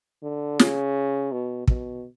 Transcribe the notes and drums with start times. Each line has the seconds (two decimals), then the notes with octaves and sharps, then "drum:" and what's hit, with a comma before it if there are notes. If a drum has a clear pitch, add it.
0.23 D3
0.59 C#3, drum: snare
1.31 B2
1.68 B2, drum: kick